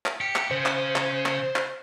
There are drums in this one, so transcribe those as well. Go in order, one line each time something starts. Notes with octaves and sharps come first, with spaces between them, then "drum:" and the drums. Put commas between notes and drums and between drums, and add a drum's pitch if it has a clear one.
drum: clap
G4 C#7
drum: clap
C#3 C5
drum: clap
drum: clap
drum: clap
drum: clap